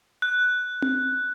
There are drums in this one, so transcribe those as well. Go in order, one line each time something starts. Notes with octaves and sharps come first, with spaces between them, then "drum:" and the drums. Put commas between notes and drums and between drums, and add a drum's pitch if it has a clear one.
F#6
drum: tom C4